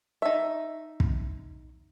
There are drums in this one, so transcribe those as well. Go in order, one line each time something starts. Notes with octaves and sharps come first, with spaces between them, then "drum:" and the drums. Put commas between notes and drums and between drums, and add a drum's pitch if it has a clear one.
D#4 E5
drum: kick